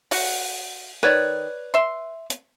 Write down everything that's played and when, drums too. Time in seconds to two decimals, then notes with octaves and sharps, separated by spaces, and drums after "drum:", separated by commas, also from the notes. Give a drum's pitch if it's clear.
0.11 F#4 F#5, drum: open hi-hat
1.03 D#3 B4 C#5 D5
1.74 E5 C6
2.30 drum: hi-hat